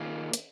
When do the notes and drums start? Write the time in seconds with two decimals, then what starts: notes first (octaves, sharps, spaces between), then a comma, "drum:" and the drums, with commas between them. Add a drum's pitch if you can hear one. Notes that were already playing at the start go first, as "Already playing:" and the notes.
Already playing: D#3 A#3 F4 G#4
0.33 drum: hi-hat